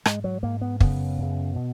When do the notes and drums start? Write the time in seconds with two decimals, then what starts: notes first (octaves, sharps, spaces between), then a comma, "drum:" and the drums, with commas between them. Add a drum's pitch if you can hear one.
0.05 G#2 G#3, drum: rim click
0.24 F#3
0.43 G#2 A#3
0.61 B3
0.80 F#2 C#3 B3, drum: kick
1.18 F#2 C#3
1.56 B2